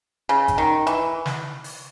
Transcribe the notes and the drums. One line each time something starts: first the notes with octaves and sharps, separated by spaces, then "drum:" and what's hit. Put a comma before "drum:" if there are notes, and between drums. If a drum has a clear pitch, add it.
C#3
drum: kick G#1, hi-hat
D#3
E3, drum: hi-hat
drum: snare
drum: open hi-hat